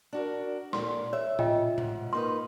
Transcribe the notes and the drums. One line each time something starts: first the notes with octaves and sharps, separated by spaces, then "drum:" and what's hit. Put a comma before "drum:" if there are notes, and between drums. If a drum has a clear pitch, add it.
D4 F#4 A#4
A#2 C6, drum: snare
C#5 E5
F4 D#5 G5, drum: tom A2
G#2, drum: tom A2
A#3 D#4 B4 C6